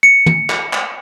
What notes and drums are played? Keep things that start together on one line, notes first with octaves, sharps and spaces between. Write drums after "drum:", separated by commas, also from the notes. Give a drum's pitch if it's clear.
C#7
drum: tom
drum: clap
drum: clap